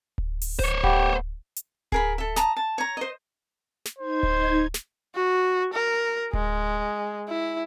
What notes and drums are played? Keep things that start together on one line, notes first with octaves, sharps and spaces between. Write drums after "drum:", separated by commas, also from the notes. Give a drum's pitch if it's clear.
drum: kick D1
drum: open hi-hat
C5 C#5, drum: kick D1
A3 B3 G4, drum: kick D1
drum: hi-hat
G#4 A#4 B5, drum: kick D1
A4 E5
A5 A#5 D#6, drum: snare
A5
C#5 A#5
C5 D#5
drum: snare
D#4 C5 G#6
drum: kick D1
drum: snare
F#4
A#4
G#3, drum: kick D1
E4